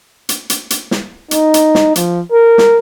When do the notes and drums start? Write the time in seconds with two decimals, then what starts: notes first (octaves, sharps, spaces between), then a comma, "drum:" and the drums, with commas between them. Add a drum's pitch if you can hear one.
0.29 drum: hi-hat
0.50 drum: hi-hat
0.70 drum: hi-hat
0.91 drum: snare
1.31 D#4, drum: hi-hat
1.54 drum: hi-hat
1.75 drum: snare
1.96 F3, drum: hi-hat
2.31 A#4
2.58 drum: snare